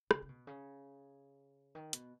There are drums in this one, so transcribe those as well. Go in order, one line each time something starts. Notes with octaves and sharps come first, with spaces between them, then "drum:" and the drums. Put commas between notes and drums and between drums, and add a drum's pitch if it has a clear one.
C#3, drum: rim click
C#3
B2
C#3
D#3
B2, drum: hi-hat